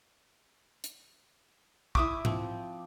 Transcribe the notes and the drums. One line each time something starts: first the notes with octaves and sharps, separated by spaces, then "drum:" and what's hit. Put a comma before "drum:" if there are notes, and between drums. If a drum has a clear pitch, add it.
drum: hi-hat
E4 E5 G#5 D6 D#6, drum: kick
F3 C4, drum: tom G#2